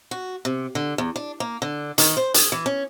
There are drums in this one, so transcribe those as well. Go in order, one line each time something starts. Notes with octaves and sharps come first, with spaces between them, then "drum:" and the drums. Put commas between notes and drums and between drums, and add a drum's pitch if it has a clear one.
F#4
C3
D3
E2
D4
A#3
D3
D#3, drum: hi-hat
C5
G#4, drum: hi-hat
E3
C#4